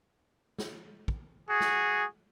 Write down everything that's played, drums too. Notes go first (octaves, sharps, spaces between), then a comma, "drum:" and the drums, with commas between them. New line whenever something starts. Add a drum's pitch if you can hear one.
drum: snare
drum: kick
F#4 G#4
drum: snare